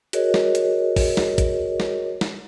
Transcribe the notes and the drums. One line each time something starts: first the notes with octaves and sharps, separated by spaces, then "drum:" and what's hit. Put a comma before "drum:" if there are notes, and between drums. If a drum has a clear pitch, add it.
F#4 G#4 A#4 C#5 D#5, drum: hi-hat
drum: snare
drum: hi-hat
drum: kick A#1, open hi-hat
drum: snare
drum: kick A#1, hi-hat
drum: snare
drum: snare